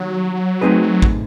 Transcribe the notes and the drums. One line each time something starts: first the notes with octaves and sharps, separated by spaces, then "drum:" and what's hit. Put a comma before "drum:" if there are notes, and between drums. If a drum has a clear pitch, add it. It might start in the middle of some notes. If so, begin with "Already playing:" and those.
Already playing: D#3 F#3 G3 A#3
A3 C4 D#4 G#4 B4
drum: kick A1